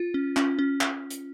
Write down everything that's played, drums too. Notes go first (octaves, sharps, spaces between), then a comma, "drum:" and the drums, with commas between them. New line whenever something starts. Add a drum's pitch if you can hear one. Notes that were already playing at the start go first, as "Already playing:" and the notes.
Already playing: F4
C#4
C#4, drum: clap
C#4
drum: clap
drum: hi-hat